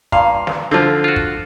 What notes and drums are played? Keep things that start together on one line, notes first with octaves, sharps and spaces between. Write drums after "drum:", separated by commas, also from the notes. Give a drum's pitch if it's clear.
G2 A#2 F5, drum: kick
drum: snare
D3 F3 C4 F4
F4 F#4
drum: kick